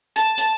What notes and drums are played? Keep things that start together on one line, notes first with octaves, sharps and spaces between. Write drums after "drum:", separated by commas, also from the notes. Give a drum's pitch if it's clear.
A5, drum: hi-hat
drum: hi-hat